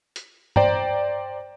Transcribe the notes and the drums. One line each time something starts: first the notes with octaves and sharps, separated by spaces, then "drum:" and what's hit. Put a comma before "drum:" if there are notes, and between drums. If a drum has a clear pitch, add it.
drum: hi-hat
C5 D5 G5 A#5, drum: tom G2